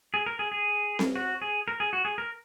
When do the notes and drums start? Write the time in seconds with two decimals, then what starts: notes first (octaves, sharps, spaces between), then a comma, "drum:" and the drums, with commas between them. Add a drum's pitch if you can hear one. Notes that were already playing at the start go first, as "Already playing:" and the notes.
0.14 G#4
0.26 A#4
0.39 G#4
0.52 G#4
0.99 drum: snare C4
1.16 F#4
1.42 G#4
1.68 A#4
1.80 G#4
1.93 F#4
2.05 G#4
2.18 A#4